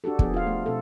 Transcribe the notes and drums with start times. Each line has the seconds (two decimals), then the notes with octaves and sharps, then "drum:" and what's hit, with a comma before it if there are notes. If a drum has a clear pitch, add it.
0.04 D4 F#4 G4 A4
0.19 F3 B3 G#4, drum: kick
0.34 F4 F5
0.47 A3
0.66 B2 C4 A4